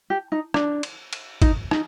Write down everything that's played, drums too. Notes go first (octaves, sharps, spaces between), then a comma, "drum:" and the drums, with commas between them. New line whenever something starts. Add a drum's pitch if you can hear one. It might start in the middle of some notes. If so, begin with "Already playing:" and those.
G4
D#4
D4, drum: rim click
drum: cymbal
drum: cymbal
D#4, drum: kick, cymbal
D#4, drum: rim click